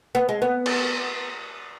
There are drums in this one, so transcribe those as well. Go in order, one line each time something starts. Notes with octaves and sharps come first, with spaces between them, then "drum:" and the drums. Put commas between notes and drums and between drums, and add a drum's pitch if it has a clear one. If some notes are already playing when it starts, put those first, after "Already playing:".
B3
G#3
B3
drum: cymbal